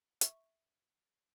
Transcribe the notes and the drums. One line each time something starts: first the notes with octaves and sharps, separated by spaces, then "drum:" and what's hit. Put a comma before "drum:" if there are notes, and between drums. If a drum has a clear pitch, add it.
E5 C#6, drum: hi-hat